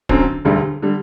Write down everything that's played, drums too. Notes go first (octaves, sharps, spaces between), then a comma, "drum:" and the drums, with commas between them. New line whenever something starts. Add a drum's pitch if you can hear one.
F#2 D3 F#3 C4, drum: kick
E1 D2 D3 G3
D3 G3